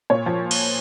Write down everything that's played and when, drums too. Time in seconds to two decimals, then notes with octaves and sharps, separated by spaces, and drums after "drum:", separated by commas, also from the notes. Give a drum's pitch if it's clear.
0.10 A#2 C#5
0.26 F3
0.51 drum: cymbal